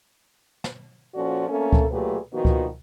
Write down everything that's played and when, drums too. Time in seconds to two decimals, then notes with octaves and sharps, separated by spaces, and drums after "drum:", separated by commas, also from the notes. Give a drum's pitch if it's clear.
0.64 drum: snare
1.14 A#2 F3 C#4 F#4 A4 D5
1.49 A3 A#3 C4 C#4 A4
1.73 drum: kick C#2
1.91 A#2 F#3 A3 G4 G#4 B4
2.33 A#2 D#3 F3 B3 F#4
2.45 drum: kick C#2